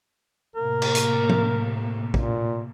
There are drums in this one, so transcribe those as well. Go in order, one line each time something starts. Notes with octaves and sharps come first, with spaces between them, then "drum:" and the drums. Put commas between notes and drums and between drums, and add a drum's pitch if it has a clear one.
A2 C3 A#3 A#4
drum: cymbal
drum: hi-hat
drum: tom F3
A#2, drum: kick